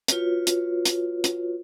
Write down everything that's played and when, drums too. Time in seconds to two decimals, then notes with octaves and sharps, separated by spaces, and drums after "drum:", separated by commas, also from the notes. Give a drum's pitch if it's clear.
0.08 F4 F#4 B4 C#5, drum: hi-hat
0.47 drum: hi-hat
0.85 drum: hi-hat
1.24 drum: hi-hat